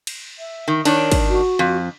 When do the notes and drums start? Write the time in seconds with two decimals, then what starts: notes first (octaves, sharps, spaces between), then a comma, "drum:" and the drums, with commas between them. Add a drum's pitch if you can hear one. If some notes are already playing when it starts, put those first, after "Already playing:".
0.07 drum: cymbal
0.39 E5
0.68 D#3
0.85 D#3 D4 C#5, drum: cymbal
1.12 drum: kick, cymbal
1.29 F#4
1.59 F2